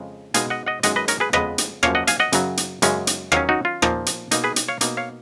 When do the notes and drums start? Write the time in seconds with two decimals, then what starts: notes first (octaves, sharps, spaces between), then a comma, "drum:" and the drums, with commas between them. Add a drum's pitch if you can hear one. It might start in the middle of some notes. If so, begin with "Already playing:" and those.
Already playing: F2 C#3 G#3
0.34 B2 G#3 D#4 F5 G#5, drum: hi-hat
0.50 D#5 F#5
0.66 D#5 F#5
0.83 F#2 D#3 G#3 D#4 D#5 F#5, drum: hi-hat
0.96 B4 D#5
1.08 A#4 C#5, drum: hi-hat
1.20 G#4 B4
1.33 F2 C#3 G#3 B3 B4 D#5, drum: rim click
1.58 drum: hi-hat
1.83 F#2 F3 A#3 C#4 C#5 F5, drum: rim click
1.95 D#5 F#5
2.07 F5 G#5, drum: hi-hat
2.20 D#5 F#5
2.32 F#2 C#3 F#3, drum: hi-hat
2.57 drum: hi-hat
2.82 F#2 C#3 G#3 C#4, drum: hi-hat
3.07 drum: hi-hat
3.32 D#3 F#3 C#4 C#5 F5, drum: rim click
3.49 D#4 F#4
3.65 F4
3.82 A#2 F3 A#3 D#4, drum: rim click
4.06 drum: hi-hat
4.31 B2 A#3 D#4, drum: hi-hat
4.44 G#4 B4
4.56 drum: hi-hat
4.68 C#5 F5
4.81 B2 A#3 D#4, drum: hi-hat
4.97 C#5 F5